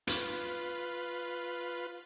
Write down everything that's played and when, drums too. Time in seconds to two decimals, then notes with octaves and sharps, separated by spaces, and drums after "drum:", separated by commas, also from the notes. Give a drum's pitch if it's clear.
0.07 F4 B4, drum: hi-hat